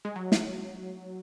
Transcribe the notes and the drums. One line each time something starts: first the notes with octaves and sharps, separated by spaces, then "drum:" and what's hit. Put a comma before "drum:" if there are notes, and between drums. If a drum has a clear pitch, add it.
G#3
F#3
drum: snare